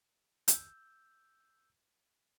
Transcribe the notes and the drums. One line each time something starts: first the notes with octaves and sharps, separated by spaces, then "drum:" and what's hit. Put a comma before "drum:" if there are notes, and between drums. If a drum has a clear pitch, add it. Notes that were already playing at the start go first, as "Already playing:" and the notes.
E6 G6, drum: hi-hat